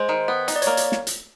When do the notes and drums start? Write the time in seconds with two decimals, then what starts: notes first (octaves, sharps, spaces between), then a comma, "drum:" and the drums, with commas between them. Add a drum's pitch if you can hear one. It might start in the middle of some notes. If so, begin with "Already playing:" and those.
Already playing: G#3 C5
0.09 D#3
0.28 B3
0.48 D#4, drum: hi-hat
0.56 D5
0.62 C#5, drum: hi-hat
0.67 A#3
0.77 drum: hi-hat
0.92 drum: snare
1.07 drum: hi-hat